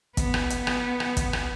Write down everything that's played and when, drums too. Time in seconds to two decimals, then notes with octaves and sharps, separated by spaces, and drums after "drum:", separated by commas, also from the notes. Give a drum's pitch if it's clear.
0.17 B3, drum: kick, hi-hat
0.34 drum: rim click
0.50 drum: hi-hat
0.67 drum: rim click
1.00 drum: rim click
1.17 drum: kick, hi-hat
1.33 drum: rim click